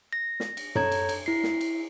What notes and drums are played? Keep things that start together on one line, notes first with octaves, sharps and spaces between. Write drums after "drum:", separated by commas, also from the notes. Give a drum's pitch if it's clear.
A#6
drum: snare
drum: cymbal
A4 C#5 A#5 G#6, drum: tom F#2
drum: cymbal
drum: cymbal
E4 C7
drum: snare
drum: cymbal